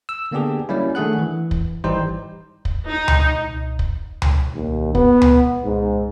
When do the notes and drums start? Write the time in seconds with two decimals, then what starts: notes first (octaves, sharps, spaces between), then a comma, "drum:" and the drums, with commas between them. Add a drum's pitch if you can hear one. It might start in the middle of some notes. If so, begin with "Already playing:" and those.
0.09 E6
0.31 D3 A#3 B3 D4 G4 G#4
0.69 F#3 G3 A#3 C#4 E4
0.95 D#3 A3 D4 G#4 F#5 F#6
1.19 E3
1.51 drum: kick
1.84 G#1 E3 G3 D#4 G4 C5
2.65 drum: kick
2.88 D#4
3.08 drum: tom C#2
3.79 drum: kick
4.22 drum: tom C#2
4.55 D#2
4.95 B3, drum: kick
5.22 drum: tom C#2
5.64 G#2